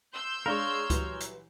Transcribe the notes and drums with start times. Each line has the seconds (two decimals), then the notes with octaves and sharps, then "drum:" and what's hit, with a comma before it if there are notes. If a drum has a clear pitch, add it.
0.12 C6 E6 G6
0.46 G#3 D4 A#4 C#5 F5
0.90 E3 F#3 G3, drum: kick C#2, hi-hat
1.20 drum: hi-hat